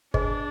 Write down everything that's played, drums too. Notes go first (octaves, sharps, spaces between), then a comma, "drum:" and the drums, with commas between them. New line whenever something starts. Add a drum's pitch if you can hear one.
D4 G#4 B4 D#5 G#5, drum: kick G1